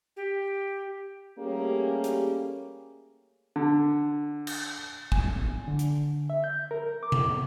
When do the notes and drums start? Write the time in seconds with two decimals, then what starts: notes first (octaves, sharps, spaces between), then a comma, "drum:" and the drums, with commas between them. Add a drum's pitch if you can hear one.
0.17 G4
1.39 G3 A3 A#3 C#4 G4 G#4
2.04 drum: hi-hat
3.56 D3
4.47 drum: cymbal
5.12 G#5, drum: kick
5.68 D3
5.79 drum: hi-hat
6.30 E5
6.44 G6
6.71 A#4
7.03 D6
7.12 drum: tom C3